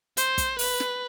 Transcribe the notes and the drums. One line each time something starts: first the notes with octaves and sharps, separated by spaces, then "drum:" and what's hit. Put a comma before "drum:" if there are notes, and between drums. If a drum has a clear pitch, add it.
C5, drum: hi-hat
drum: kick, hi-hat
B4, drum: open hi-hat
drum: snare